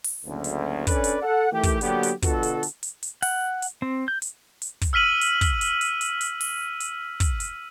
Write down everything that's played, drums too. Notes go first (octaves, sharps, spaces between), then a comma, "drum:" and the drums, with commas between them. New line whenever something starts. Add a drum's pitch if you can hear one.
drum: open hi-hat
F#1 D2
drum: hi-hat
C#4 D4 A4 B4 D5, drum: kick, hi-hat
drum: hi-hat
A4 F#5
D#3 E3 A3 G4
drum: kick, hi-hat
D3 F#3 A#3 B3 G4, drum: hi-hat
drum: hi-hat
B2 D3 F4 F#4 A4, drum: kick, hi-hat
drum: hi-hat
drum: hi-hat
drum: hi-hat
drum: hi-hat
F#5, drum: open hi-hat
drum: hi-hat
C4
G6
drum: hi-hat
drum: hi-hat
drum: kick, hi-hat
E6 F6 B6 D#7 F#7
drum: hi-hat
drum: kick, hi-hat
drum: hi-hat
drum: hi-hat
drum: hi-hat
drum: hi-hat
drum: open hi-hat
drum: hi-hat
drum: kick, hi-hat
drum: hi-hat